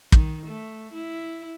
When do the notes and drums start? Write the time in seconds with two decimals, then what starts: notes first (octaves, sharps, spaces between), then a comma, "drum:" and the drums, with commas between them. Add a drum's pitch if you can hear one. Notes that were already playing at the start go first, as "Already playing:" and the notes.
0.12 D#3, drum: kick
0.46 A3
0.93 E4